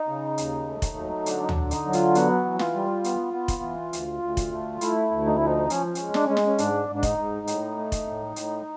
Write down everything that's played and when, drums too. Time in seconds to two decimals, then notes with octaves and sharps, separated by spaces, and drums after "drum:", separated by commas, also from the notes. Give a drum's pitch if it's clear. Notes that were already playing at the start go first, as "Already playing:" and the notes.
Already playing: D#4
0.08 C#3
0.38 D#2, drum: hi-hat
0.67 A3
0.82 drum: kick F1, hi-hat
0.97 F#3
1.26 D3 D4, drum: hi-hat
1.42 D#4
1.49 D4, drum: tom
1.56 D3
1.71 D#4, drum: hi-hat
1.85 F#3
1.93 F4, drum: hi-hat
2.15 B3 F#4, drum: hi-hat
2.45 E3
2.59 F4, drum: snare
2.75 G3
3.04 B3, drum: hi-hat
3.33 B3
3.48 drum: kick F1, hi-hat
3.63 E3
3.93 D2, drum: hi-hat
4.22 D2
4.37 drum: kick F1, hi-hat
4.52 A3
4.81 A3 E4, drum: hi-hat
5.11 D2
5.26 D#4
5.36 E4
5.41 F3 D#4
5.70 F3 C#4, drum: hi-hat
5.95 G#3 C#4, drum: hi-hat
6.14 D4, drum: snare
6.25 G#3 C#4
6.37 drum: snare
6.47 C#4
6.58 G#2 D4, drum: hi-hat
6.89 G#2
6.96 D4
7.03 D#4, drum: kick F1, hi-hat
7.18 G#2
7.47 A2, drum: hi-hat
7.77 A3
7.92 drum: kick F1, hi-hat
8.07 A2
8.36 A2, drum: hi-hat